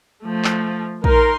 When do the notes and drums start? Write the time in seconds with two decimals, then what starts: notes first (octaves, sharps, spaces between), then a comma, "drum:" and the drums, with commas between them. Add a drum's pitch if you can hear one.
0.23 F3 A3
0.44 drum: clap
1.04 D#4 A#4 C6, drum: kick